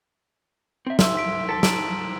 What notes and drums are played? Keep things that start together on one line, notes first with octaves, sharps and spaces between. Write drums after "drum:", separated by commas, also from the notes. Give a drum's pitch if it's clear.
C4 E5
E5 C6 E6, drum: snare
B6 D7
A4 A5 B6
A#5 D7 F#7, drum: snare